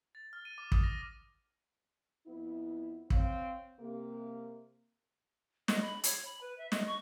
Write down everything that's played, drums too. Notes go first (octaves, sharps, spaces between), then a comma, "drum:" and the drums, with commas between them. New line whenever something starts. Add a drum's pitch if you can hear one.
A6
F6
D#7
D6
D#6, drum: kick
A#6
F2 B3 E4
C4 C#5 F5, drum: kick
C3 A#3
D#5, drum: snare
B5
C#5, drum: hi-hat
B5
B4
E5
D#5, drum: snare
C#6